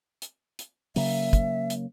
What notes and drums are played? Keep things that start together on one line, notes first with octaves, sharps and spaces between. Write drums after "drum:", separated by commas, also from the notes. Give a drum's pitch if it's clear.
drum: hi-hat
drum: hi-hat
C#3 F#3 A#3 E5, drum: open hi-hat
drum: kick, hi-hat
drum: hi-hat